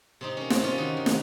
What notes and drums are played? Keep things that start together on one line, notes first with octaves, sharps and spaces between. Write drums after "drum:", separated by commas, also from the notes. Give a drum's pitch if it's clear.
C3 C4 D#4
A#3 C#4
C4, drum: snare
C3 C#4 F4
D#3 D#4 F#4
D#3
drum: snare